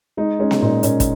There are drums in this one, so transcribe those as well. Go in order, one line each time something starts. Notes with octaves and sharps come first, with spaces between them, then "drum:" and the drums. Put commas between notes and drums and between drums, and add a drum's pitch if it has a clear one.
G#3 D#4
G#3 C#4
drum: snare B3
A#2 D#4
A#2 C#4, drum: hi-hat
drum: kick, hi-hat